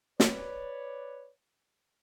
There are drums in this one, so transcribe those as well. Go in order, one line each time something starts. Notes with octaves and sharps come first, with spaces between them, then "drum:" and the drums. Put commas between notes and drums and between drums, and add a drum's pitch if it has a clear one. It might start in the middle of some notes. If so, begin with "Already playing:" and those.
B4 C#5 D5, drum: snare